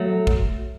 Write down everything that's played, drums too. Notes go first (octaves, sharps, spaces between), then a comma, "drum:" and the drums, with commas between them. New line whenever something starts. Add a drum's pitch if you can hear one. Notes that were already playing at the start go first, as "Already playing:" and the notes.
Already playing: F#3 A3
drum: kick